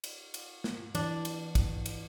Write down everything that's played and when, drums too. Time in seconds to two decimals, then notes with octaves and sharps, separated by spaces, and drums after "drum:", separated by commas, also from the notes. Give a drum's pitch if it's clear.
0.04 drum: cymbal
0.34 drum: cymbal
0.64 drum: snare
0.95 E3 D4, drum: cymbal
1.25 drum: cymbal
1.55 drum: kick, cymbal
1.86 drum: cymbal